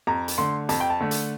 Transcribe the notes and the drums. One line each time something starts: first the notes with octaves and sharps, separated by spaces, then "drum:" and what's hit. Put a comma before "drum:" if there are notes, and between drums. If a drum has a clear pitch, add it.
F2 A#5
drum: hi-hat
D3 A3 C6
F2 A5, drum: hi-hat
G5
A5
D3 A3
drum: hi-hat